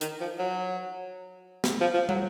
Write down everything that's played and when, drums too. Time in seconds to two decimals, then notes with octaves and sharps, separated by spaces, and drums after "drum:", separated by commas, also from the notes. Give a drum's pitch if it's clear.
0.01 D#3, drum: hi-hat
0.20 F3
0.39 F#3
1.64 drum: snare
1.81 F3
1.94 F3
2.09 F#3, drum: tom